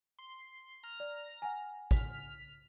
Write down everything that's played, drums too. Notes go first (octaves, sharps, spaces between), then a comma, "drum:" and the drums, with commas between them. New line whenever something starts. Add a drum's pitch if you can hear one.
C6
A#5 F6
D5
F#5 G#5
F6 B6, drum: kick